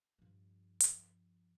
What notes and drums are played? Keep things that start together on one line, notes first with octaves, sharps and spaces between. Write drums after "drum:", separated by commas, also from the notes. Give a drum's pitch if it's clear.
G2 F3
drum: hi-hat